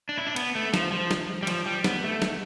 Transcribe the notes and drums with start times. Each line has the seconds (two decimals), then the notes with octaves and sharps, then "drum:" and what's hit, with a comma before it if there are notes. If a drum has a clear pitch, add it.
0.09 D4
0.18 E4
0.27 D4
0.36 B3, drum: cymbal
0.55 A3
0.74 F3, drum: snare
0.92 F3
1.11 drum: snare
1.43 G3
1.47 F3, drum: cymbal
1.66 G3
1.84 B3, drum: snare
2.04 A3
2.22 drum: snare